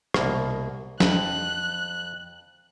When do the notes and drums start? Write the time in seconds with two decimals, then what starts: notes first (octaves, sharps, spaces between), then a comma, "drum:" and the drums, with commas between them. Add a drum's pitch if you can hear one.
0.14 C2 B2 A#3, drum: rim click
1.00 F2 F#6, drum: snare